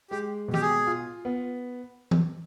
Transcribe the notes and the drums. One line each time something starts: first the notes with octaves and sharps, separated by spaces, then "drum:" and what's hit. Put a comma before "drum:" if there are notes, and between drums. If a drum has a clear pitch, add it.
G#3 G4
B2
G4, drum: tom
G#4
F4
B3
drum: tom E3